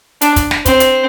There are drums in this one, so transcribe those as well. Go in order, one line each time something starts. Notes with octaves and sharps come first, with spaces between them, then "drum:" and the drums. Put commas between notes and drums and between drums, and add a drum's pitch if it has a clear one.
D4, drum: hi-hat
drum: kick, hi-hat
drum: snare
C4, drum: kick, hi-hat
drum: hi-hat